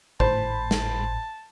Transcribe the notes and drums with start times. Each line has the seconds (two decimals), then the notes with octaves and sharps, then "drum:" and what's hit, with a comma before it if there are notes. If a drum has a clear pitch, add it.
0.20 G#1 A2 C5 A5 B5, drum: kick
0.71 drum: snare